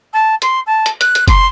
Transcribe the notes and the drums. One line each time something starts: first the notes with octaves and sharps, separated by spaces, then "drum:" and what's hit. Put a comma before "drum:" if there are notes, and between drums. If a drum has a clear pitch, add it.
A5
C6, drum: hi-hat
A5
drum: hi-hat
F#6, drum: hi-hat
drum: hi-hat
C6, drum: kick, hi-hat